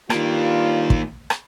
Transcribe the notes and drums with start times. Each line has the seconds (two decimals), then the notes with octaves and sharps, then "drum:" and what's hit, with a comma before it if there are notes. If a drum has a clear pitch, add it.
0.10 G2 D#3 G3 A#3 F4, drum: rim click
0.90 drum: kick
1.30 drum: rim click